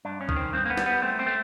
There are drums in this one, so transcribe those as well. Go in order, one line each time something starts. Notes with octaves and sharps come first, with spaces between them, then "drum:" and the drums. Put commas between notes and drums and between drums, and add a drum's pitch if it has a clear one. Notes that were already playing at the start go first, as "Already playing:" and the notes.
G2 D4
C#4
D#3, drum: kick
C4
G2 C4
A#3
B3
G3, drum: snare
B3
A3 C4
C4
A3